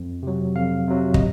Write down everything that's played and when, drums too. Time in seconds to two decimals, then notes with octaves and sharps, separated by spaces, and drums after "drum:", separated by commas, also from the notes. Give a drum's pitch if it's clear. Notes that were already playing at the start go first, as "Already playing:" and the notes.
Already playing: F2
0.23 C3 F#3
0.55 F2 F5
0.88 C3 F#3
1.14 D#5, drum: kick